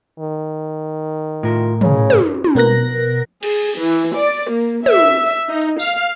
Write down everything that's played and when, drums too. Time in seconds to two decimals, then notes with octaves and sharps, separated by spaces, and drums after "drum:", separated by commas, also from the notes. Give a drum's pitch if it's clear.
0.19 D#3
1.43 A2 F4 A#4
1.81 C#3 C#5, drum: tom
2.10 drum: tom
2.44 drum: tom
2.55 B2 B3 A#4 F#6 A#6
3.43 G#4, drum: cymbal
3.79 E3
4.15 D5
4.50 A#3
4.86 E5, drum: tom
5.49 D#4
5.62 drum: hi-hat
5.79 F5, drum: tambourine